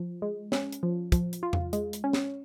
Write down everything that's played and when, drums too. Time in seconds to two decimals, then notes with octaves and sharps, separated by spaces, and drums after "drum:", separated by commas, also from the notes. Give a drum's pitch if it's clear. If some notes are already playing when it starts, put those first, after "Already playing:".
Already playing: F3
0.22 G#3
0.52 C#4, drum: snare
0.72 drum: hi-hat
0.83 F3
1.12 F3, drum: kick, hi-hat
1.33 drum: hi-hat
1.43 F4
1.53 drum: tom E2
1.73 G#3, drum: hi-hat
1.93 drum: hi-hat
2.04 C#4
2.13 drum: snare